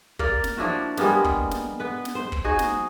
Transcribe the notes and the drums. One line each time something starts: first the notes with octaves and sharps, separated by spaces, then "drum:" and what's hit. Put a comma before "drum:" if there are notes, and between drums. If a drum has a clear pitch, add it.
A#3 A#4 D5, drum: kick
drum: snare
F3 D4 E4 F#4
G3 G#3 A#3 B3, drum: snare
drum: kick
drum: snare
B3 B4
drum: snare
C5
drum: kick
D#4 F#4 G#4
drum: snare